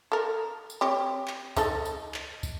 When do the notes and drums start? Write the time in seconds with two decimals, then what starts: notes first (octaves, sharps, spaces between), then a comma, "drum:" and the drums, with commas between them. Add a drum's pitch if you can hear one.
0.12 A4 A#4
0.70 drum: tambourine
0.81 C4 G4 C#5
1.28 drum: clap
1.57 G#3 D#4 A4, drum: kick, tambourine
1.85 drum: tambourine
2.14 drum: clap
2.43 drum: kick, tambourine